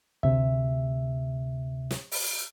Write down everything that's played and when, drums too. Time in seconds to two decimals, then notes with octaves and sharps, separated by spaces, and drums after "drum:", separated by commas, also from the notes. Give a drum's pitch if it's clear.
0.23 D2 C3 E5, drum: kick
1.91 drum: snare
2.12 drum: open hi-hat